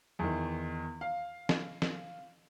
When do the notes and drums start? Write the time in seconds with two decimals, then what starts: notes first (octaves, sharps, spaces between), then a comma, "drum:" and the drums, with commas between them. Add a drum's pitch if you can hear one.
0.19 E2 D#3
1.01 F5
1.49 drum: snare
1.82 drum: snare